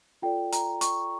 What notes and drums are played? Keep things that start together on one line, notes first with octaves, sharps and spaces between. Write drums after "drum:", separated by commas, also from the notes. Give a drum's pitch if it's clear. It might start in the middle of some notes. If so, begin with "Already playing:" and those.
F4 A4 D5 G5
A#5, drum: hi-hat
C#6, drum: hi-hat